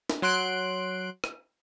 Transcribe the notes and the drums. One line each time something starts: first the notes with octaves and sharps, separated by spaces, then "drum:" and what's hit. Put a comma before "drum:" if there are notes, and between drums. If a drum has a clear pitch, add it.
drum: snare
F#3 C6 F#6 D7
drum: rim click